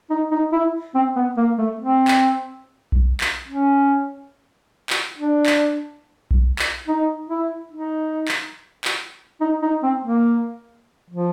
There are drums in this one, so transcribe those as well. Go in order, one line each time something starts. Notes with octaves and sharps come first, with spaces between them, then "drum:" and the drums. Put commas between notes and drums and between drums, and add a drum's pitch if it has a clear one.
D#4
D#4
E4
C4
B3
A#3
A3
C4
drum: clap
drum: kick B1
drum: clap
C#4
drum: clap
D4
drum: clap
drum: kick B1
drum: clap
D#4
E4
D#4
drum: clap
drum: clap
D#4
D#4
C4
A#3
F3